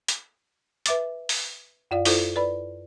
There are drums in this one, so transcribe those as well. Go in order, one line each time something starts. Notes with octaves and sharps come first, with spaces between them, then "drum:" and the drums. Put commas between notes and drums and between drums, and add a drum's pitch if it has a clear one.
drum: hi-hat
B4 E5 D6 A6, drum: hi-hat
drum: open hi-hat
F#2 F4 D5 F5
E4 F4 A4 C5, drum: open hi-hat
B4 D5 B5